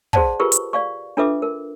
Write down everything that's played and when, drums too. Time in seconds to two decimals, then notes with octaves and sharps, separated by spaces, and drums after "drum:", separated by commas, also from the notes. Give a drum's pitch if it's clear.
0.13 F#4 G#4 C5 D5 F#5 A5, drum: kick
0.40 F4 G4 G#4 A#4 B4 C#6
0.52 drum: hi-hat
0.73 D5 F5 C#6
1.17 D4 F4 A4 B4 E5 D6
1.42 A#4